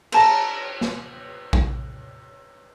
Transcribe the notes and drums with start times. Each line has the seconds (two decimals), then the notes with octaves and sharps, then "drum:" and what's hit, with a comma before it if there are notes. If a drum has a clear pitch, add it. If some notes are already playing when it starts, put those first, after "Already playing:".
0.12 C5 A5 A#5, drum: cymbal
0.81 drum: snare
1.53 drum: kick A#1